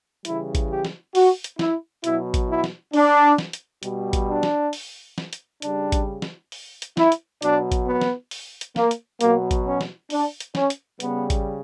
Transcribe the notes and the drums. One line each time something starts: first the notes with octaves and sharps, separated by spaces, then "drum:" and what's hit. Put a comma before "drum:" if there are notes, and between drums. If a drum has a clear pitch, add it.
C#3 E3 G3 E4, drum: hi-hat
drum: kick G#1, hi-hat
G4
drum: snare
F#4, drum: open hi-hat
drum: hi-hat
E4, drum: snare
B2 F#3 E4, drum: hi-hat
drum: kick G#1, hi-hat
E4
drum: snare
D4, drum: open hi-hat
drum: snare
drum: hi-hat
B2 G3, drum: hi-hat
drum: kick G#1, hi-hat
D4
drum: snare
drum: open hi-hat
drum: snare
drum: hi-hat
C#3 G3 D4, drum: hi-hat
drum: kick G#1, hi-hat
drum: snare
drum: open hi-hat
drum: hi-hat
E4, drum: snare
drum: hi-hat
B2 F#3 D4, drum: hi-hat
drum: kick G#1, hi-hat
B3
drum: snare
drum: open hi-hat
drum: hi-hat
A#3, drum: snare
drum: hi-hat
B2 F#3 A#3, drum: hi-hat
drum: kick G#1, hi-hat
C#4
drum: snare
D4, drum: open hi-hat
drum: hi-hat
C#4, drum: snare
drum: hi-hat
C#3 G3 B3, drum: hi-hat
drum: kick G#1, hi-hat